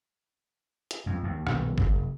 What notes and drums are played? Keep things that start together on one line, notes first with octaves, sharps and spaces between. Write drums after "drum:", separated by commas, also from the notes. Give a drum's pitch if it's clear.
drum: hi-hat
F2
D#2
D#1 B1, drum: rim click
F#1, drum: kick